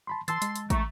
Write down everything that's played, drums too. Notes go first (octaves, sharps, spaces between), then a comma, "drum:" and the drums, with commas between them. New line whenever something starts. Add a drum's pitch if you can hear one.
A5 B5 C6
E3 A5 C6 E6 A6, drum: hi-hat
G#3, drum: hi-hat
drum: hi-hat
A3 A#5 C#6, drum: kick, hi-hat